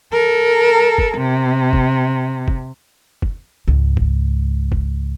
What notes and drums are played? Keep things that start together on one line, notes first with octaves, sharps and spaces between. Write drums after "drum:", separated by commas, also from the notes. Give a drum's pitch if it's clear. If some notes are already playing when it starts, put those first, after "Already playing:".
A4 A#4
drum: kick F#1
C3
drum: kick F#1
drum: kick F#1
drum: kick F#1
C#2 G#2
drum: kick F#1
drum: kick F#1